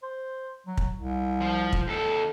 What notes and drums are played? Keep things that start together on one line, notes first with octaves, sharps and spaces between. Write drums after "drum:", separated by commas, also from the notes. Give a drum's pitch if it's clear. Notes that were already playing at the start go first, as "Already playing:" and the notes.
C5
F#3
drum: kick
C2
F3
drum: kick
D#2 A4